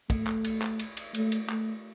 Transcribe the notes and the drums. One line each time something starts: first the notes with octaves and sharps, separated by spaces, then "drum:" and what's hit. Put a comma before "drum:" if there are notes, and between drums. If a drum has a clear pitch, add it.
A3, drum: kick, cymbal
drum: clap
drum: cymbal
drum: clap
drum: cymbal
drum: cymbal
A3, drum: cymbal
drum: cymbal
A3, drum: clap